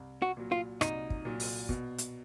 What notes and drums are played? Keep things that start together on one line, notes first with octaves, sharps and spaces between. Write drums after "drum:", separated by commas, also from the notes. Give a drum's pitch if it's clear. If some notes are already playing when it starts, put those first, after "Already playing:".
Already playing: C2
F#4
A#2 F#3
F4
C2 D#4, drum: rim click
drum: kick
A#2 F#3
drum: open hi-hat
B2, drum: kick
drum: hi-hat